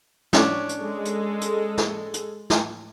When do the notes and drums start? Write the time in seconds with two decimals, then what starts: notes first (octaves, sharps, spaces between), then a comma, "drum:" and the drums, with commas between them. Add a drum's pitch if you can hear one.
0.33 C#4 D4 C#5, drum: snare
0.69 drum: hi-hat
0.80 G#3 A4
1.05 drum: hi-hat
1.41 drum: hi-hat
1.78 drum: snare
2.14 drum: hi-hat
2.50 drum: snare